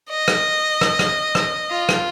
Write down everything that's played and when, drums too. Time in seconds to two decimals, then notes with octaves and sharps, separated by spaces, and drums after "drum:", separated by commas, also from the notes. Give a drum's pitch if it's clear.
0.10 D#5
0.28 drum: rim click
0.81 drum: rim click
0.99 drum: rim click
1.35 drum: rim click
1.70 F4
1.89 drum: rim click